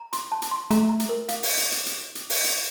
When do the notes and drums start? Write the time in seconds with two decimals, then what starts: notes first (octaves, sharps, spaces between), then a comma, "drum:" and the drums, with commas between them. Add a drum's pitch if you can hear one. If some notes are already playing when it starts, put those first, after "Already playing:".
Already playing: A#5
0.13 C6, drum: hi-hat
0.32 A5
0.42 drum: hi-hat
0.51 C6
0.71 A3 A#5, drum: hi-hat
0.89 A#5
1.00 drum: hi-hat
1.09 A#4
1.29 F5, drum: hi-hat
1.43 drum: open hi-hat
1.57 drum: hi-hat
1.72 drum: hi-hat
1.86 drum: hi-hat
2.15 drum: hi-hat
2.30 drum: open hi-hat
2.44 drum: hi-hat